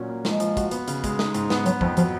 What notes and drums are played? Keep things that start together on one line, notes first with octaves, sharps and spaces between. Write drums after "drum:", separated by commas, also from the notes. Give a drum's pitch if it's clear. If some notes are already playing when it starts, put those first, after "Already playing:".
Already playing: A#2 F#3 C#4
A#3
F3 G#3, drum: snare
F3, drum: hi-hat
F#4, drum: kick, hi-hat
B3, drum: hi-hat
C#3, drum: hi-hat
G#3, drum: kick, hi-hat
D#4, drum: snare
G#2, drum: hi-hat
B3, drum: snare
F#3 B3, drum: hi-hat
F2 F3, drum: kick
F3 F#3, drum: hi-hat